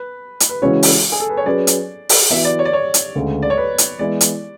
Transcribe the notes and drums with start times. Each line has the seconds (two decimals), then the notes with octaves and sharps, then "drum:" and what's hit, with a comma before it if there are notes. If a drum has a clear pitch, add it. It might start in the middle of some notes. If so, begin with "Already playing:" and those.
Already playing: B4
0.40 drum: hi-hat
0.49 B4
0.62 C#3 E3 G#3 C#4 F#4 C#5
0.83 drum: open hi-hat
1.12 G#4
1.20 A4
1.29 B4
1.37 C#5
1.46 F#3 C#4 G#4 B4 D5
1.67 drum: hi-hat
2.09 drum: open hi-hat
2.30 E3 B3 F#4 B4 E5
2.45 D5
2.59 C#5
2.65 D5
2.73 C#5
2.94 drum: hi-hat
3.15 D2 C#3 G#3
3.42 D5
3.50 C#5
3.57 B4
3.78 drum: hi-hat
3.99 E3 G#3 B3 E4 D5
4.21 drum: hi-hat